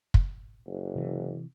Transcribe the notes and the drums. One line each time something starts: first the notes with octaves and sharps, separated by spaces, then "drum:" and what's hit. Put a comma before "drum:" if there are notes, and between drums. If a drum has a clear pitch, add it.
drum: kick
F#1
C3 E3